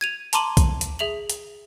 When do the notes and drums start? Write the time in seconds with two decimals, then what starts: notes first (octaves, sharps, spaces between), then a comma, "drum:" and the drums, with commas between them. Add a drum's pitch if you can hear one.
0.01 G#6 D#7 F7
0.33 A5 A#5 C6 D6 D#7 F#7, drum: hi-hat
0.57 drum: kick B1, hi-hat
0.81 drum: hi-hat
0.99 G#4 E5 F7 F#7
1.29 drum: hi-hat